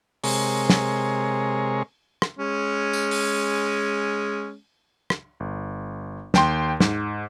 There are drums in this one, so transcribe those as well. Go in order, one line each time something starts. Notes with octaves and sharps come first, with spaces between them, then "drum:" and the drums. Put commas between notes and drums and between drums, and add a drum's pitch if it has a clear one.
C3 G#3 G#4 A#4 C#5, drum: open hi-hat
drum: snare
drum: rim click
G#3 C#4
drum: tambourine
drum: open hi-hat
drum: rim click
G1
D#2 G5 C6, drum: snare
G#2, drum: snare